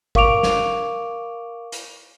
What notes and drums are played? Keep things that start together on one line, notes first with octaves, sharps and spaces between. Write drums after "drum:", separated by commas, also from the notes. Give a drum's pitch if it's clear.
A#4 F5 C#6 D6 D7 F7, drum: kick
drum: snare
drum: hi-hat